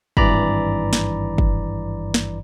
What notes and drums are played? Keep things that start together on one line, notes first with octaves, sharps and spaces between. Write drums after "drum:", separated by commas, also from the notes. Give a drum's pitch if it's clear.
G#1 G2 E3 D5 A#5 B5, drum: kick
drum: snare
drum: kick
drum: snare